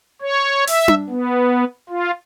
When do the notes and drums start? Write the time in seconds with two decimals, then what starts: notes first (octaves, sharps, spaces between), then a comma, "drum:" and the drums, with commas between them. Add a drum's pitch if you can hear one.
0.21 C#5
0.67 E5, drum: open hi-hat
0.88 drum: tom D4
1.09 B3
1.89 F4